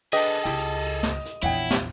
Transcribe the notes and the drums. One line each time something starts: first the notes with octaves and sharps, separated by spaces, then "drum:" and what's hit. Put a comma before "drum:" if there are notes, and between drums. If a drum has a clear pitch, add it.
D4 G#4 A4 B4 D#5 G5, drum: hi-hat
C#2 E4 G4
drum: hi-hat
drum: open hi-hat
drum: snare
drum: hi-hat
A#1 E2 E4 C#5 F#5 G5
drum: snare